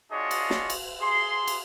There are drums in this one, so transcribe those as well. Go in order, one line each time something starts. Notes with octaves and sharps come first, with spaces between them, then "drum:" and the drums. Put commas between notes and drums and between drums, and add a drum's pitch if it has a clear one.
D4 F4 F#4 G#4 C#5 D#5
drum: cymbal
drum: snare
drum: cymbal
G#4 C6
drum: cymbal